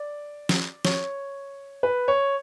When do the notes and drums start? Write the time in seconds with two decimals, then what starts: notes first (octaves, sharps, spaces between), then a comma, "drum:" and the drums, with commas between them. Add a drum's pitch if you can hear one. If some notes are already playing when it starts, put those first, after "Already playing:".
Already playing: D5
0.49 drum: snare
0.85 C#5, drum: snare
1.83 B4
2.08 C#5